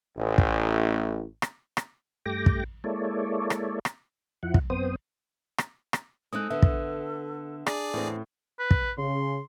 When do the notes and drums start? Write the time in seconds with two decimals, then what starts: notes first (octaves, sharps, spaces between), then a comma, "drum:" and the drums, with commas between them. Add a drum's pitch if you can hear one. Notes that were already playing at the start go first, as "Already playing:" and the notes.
0.17 A1
0.38 drum: kick
1.42 drum: rim click
1.77 drum: rim click
2.26 G2 A3 G4 G5 D6 A#6
2.46 drum: kick
2.84 G#3 A#3 E4 A4 C#5 D5
3.50 drum: rim click
3.85 drum: rim click
4.43 F2 F3 E4 F#5
4.54 drum: kick
4.70 F#2 B3 C4 C5 D#6
5.58 drum: rim click
5.93 drum: rim click
6.33 G#3 C4 D#4 A4 D#6 F#6
6.50 D3 B3 E5
6.62 drum: kick
7.67 D4 G#4 D5, drum: rim click
7.94 E2 A2 C4
8.59 B4
8.71 drum: kick
8.98 C#3 C6